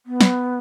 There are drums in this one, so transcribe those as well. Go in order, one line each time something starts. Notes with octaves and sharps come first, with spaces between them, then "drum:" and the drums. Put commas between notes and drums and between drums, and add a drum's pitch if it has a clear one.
B3
drum: snare